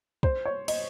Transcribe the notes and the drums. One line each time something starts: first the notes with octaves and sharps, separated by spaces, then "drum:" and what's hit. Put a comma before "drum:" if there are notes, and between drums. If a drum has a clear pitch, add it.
C5, drum: kick
C#5
D#5, drum: cymbal